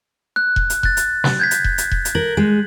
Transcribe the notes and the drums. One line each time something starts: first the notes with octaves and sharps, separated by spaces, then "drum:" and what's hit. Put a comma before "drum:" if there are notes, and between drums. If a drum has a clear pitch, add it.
F#6
drum: kick E1
drum: hi-hat
F#6 A6, drum: kick E1
drum: hi-hat
drum: snare
G6 G#6 B6
drum: hi-hat
drum: kick E1
drum: hi-hat
drum: kick E1
drum: hi-hat
A#4 F#7
G#3